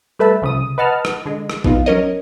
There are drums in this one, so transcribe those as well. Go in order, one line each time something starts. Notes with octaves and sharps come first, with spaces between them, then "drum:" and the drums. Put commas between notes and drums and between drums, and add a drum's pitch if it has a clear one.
G3 A3 B4 E5 A5
C2 C#3 F3 D#6
B4 D#5 F#5 A5 F6
drum: rim click
D3 G#3
drum: rim click
F3 B3 D#4 F4, drum: kick A#1
F#3 C#4 D4 A#4 C#5 D#5